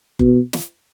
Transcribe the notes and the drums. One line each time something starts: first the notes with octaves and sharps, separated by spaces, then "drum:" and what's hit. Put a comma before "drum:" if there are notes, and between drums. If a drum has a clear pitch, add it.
B2, drum: kick F#1
drum: snare